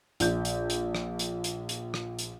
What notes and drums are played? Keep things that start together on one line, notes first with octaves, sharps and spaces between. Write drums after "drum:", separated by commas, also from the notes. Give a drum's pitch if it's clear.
A#1 G6, drum: hi-hat
drum: hi-hat
drum: hi-hat
drum: rim click
drum: hi-hat
drum: hi-hat
drum: hi-hat
drum: rim click
drum: hi-hat